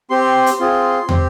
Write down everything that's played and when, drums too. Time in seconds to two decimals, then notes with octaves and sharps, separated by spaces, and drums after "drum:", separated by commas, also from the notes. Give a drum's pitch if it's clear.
0.10 C4 G4 C6
0.46 drum: hi-hat
0.60 C4 F4 G#4
1.09 C4 G4, drum: tom